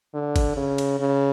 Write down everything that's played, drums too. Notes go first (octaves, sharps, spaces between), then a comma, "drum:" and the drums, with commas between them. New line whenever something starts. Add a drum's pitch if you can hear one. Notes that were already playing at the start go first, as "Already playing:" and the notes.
D3
drum: kick G1, cymbal
C#3
drum: cymbal
C#3